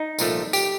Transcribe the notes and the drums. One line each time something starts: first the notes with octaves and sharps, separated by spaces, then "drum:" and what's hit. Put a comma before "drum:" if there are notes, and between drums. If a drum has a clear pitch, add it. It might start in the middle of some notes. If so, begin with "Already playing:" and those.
Already playing: D#4
C2 A#2 F3 A3, drum: tambourine
G4, drum: tambourine